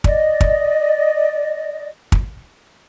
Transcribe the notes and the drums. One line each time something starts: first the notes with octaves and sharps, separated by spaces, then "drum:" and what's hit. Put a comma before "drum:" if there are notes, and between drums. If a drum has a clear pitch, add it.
D5 D#5, drum: kick
drum: kick
drum: kick